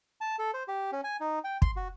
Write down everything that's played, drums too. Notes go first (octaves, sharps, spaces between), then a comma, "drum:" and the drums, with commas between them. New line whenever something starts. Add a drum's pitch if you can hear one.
A5
A4
C5
G4
C#4
G#5
D#4
G5
C6, drum: kick
F#4